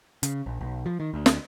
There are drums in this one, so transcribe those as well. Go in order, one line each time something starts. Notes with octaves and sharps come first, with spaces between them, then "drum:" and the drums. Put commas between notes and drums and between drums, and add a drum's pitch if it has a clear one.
C#3, drum: hi-hat
A#1
B1
F3
D#3
D2
drum: snare